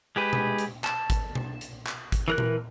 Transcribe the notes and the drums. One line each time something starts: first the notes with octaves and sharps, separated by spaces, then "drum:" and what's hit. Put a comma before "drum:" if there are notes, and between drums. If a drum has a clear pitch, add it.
G#3 G4 B4
drum: tom B2
drum: hi-hat
A5, drum: clap
drum: kick G#1, hi-hat
drum: tom B2
drum: hi-hat
drum: clap
drum: kick G#1, hi-hat
E3 A#4 F#6
drum: tom A#2